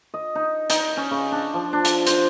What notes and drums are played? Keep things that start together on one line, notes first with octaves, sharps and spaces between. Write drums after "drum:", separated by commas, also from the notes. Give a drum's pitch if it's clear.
D#5
D#4
D#4, drum: hi-hat
C#4
C#3
D4
F3
D4
drum: hi-hat
C5, drum: hi-hat